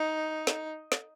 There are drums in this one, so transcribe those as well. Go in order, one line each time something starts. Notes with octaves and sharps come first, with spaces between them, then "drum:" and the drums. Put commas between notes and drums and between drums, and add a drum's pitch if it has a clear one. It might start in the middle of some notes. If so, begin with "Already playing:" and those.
Already playing: D#4
drum: snare
drum: snare